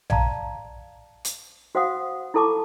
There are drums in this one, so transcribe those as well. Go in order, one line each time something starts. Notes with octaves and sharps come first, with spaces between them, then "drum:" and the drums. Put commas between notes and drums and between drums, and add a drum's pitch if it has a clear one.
D5 F5 A5 A#5, drum: tom A#1
drum: hi-hat
F#4 C5 F5 F#5 D#6
E4 F4 A4 A5 C#6 D6